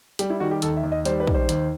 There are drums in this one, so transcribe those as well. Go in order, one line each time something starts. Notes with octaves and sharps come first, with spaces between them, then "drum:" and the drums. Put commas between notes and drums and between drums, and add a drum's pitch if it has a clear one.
G3 G4, drum: hi-hat
E4
D#3 F#4
G4
D#2 A4, drum: hi-hat
E5
D#2
D#5
G3 C5, drum: hi-hat
B4
D#3, drum: kick
C5
D#2, drum: hi-hat